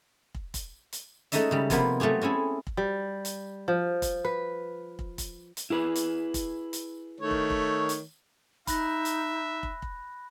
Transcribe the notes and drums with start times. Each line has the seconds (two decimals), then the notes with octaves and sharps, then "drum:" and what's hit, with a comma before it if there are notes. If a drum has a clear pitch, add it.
0.34 drum: kick
0.54 drum: kick, hi-hat
0.93 drum: hi-hat
1.32 G#3 A3 C#4 D#4 D#5 E5, drum: hi-hat
1.51 C#3 G3
1.70 C3 F3 A#3 B3 C5 B5, drum: kick, hi-hat
2.00 F#3 A3 F4 G4 G#4
2.21 C4 C#4 E4 G#4 A4
2.67 drum: kick
2.77 G3
3.25 drum: hi-hat
3.68 F3
4.02 drum: kick, hi-hat
4.25 B4
4.99 drum: kick
5.18 drum: kick, hi-hat
5.57 drum: hi-hat
5.70 E4 G#4 B4
5.95 drum: hi-hat
6.34 drum: kick, hi-hat
6.73 drum: hi-hat
7.20 D#3 A3 C#5
7.31 drum: kick
7.50 drum: kick
7.89 drum: hi-hat
8.67 D#4 E5 B5 F#6 A#6, drum: kick, hi-hat
9.05 drum: hi-hat
9.63 drum: kick
9.82 drum: kick